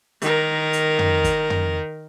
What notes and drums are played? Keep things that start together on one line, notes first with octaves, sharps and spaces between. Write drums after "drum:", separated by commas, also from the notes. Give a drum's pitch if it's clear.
D#3 A#4, drum: hi-hat
drum: hi-hat
drum: tom
drum: kick, hi-hat
drum: tom